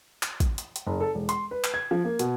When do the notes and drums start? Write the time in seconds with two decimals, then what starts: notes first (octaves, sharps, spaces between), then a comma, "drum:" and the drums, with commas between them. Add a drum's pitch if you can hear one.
0.23 drum: clap
0.40 drum: kick, hi-hat
0.58 drum: hi-hat
0.76 drum: hi-hat
0.87 F#1
1.00 A4
1.15 E1
1.29 C6, drum: hi-hat
1.51 B4
1.64 drum: clap
1.74 G#6
1.91 F3
2.05 A#3
2.19 B2, drum: hi-hat